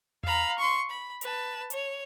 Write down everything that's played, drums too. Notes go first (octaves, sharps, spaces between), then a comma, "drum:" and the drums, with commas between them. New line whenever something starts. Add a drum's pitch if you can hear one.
F5 A#5 B5, drum: tom E2
C6 C#6
B5
B4 A5, drum: hi-hat
C#5, drum: hi-hat